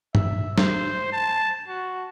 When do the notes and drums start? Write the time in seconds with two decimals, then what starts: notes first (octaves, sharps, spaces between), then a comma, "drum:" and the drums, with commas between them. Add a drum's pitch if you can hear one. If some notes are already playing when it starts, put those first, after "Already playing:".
0.15 E5, drum: tom
0.58 C5, drum: snare
1.13 A5
1.68 F#4